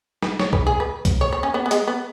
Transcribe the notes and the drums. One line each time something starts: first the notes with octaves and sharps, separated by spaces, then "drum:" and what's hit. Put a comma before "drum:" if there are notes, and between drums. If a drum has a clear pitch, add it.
B4, drum: snare
C#5, drum: snare
B4, drum: kick C2
G#4
B4
drum: kick C2, hi-hat
C#5
C#5
C#4
B3
B3
G#3, drum: hi-hat
B3